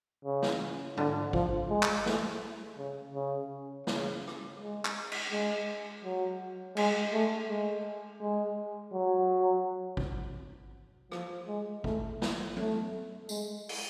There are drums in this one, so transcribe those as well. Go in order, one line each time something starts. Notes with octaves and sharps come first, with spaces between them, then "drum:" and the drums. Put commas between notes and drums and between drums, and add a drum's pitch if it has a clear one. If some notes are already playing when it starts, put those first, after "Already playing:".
C#3
drum: snare
D3, drum: tom
F3, drum: kick G#1
G#3
drum: clap
A3, drum: snare
C#3
C#3
C#3, drum: snare
drum: rim click
G#3
drum: clap
drum: cymbal
G#3
F#3
G#3, drum: cymbal
A3
G#3
G#3
F#3
drum: kick G#1
F3, drum: rim click
G#3
A3, drum: kick G#1
drum: snare
A3, drum: tom F#3
G#3, drum: tambourine
drum: open hi-hat